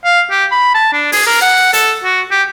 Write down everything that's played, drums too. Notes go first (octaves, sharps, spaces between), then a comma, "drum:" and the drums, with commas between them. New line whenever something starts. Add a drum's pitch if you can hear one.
F5
G4
B5
A5
D4
G#4, drum: open hi-hat
A#4
F#5
A4, drum: hi-hat
F#4
G4